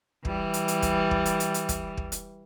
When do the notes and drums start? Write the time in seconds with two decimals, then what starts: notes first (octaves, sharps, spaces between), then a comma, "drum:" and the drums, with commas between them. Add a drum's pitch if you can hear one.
0.25 E3 G3, drum: kick
0.54 drum: hi-hat
0.68 drum: hi-hat
0.82 drum: kick, hi-hat
1.11 drum: kick
1.25 drum: hi-hat
1.40 drum: hi-hat
1.54 drum: hi-hat
1.69 drum: kick, hi-hat
1.97 drum: kick
2.12 drum: hi-hat